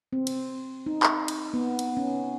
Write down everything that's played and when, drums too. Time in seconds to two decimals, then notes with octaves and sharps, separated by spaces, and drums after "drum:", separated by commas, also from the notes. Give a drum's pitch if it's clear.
0.13 C4
0.27 drum: cymbal
0.86 D#4
1.03 drum: clap
1.28 drum: cymbal
1.54 B3
1.79 drum: cymbal
1.97 C#4